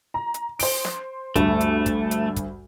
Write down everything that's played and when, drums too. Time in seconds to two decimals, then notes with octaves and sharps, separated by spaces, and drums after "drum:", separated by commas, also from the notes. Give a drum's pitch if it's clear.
0.14 A#5
0.34 drum: hi-hat
0.59 C5 D7, drum: open hi-hat
0.85 drum: snare
1.36 D2 G2 A3, drum: kick, hi-hat
1.61 drum: hi-hat
1.86 drum: kick, hi-hat
2.11 drum: hi-hat
2.36 drum: kick, hi-hat